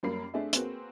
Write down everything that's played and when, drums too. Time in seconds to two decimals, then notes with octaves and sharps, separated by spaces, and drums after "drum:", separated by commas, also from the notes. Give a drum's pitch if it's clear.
0.03 F#2 F#3 G3 A#3 B5 C7
0.34 A3 C4 D4 G#4 D#5 E5
0.53 A#3 C4 F#4 G#4 B4, drum: hi-hat